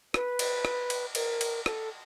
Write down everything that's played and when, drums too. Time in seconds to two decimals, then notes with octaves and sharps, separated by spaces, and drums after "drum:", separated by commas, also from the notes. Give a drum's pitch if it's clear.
0.14 B4, drum: rim click
0.39 drum: cymbal
0.65 drum: rim click
0.90 drum: cymbal
1.15 A#4, drum: cymbal
1.41 drum: cymbal
1.66 A4, drum: rim click